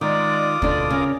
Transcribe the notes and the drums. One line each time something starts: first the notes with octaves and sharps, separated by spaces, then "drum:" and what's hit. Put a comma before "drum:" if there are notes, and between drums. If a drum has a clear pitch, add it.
D#3 G#3 F4 D5 D6 D#6
B2 D3 D4 D5, drum: kick
C#3 A#4